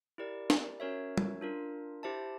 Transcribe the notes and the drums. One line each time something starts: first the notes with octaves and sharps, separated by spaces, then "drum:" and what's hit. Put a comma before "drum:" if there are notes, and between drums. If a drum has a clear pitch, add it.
E4 G4 A#4 D5
drum: snare
C#4 F#4 A#4 C#5 E5
drum: tom
D4 F4 A#4
E4 G4 C5 E5 A5